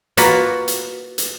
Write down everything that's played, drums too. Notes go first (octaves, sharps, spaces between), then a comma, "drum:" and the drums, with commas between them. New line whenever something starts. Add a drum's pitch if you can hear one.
A#3 F4 F#4 B4, drum: hi-hat
drum: hi-hat
drum: hi-hat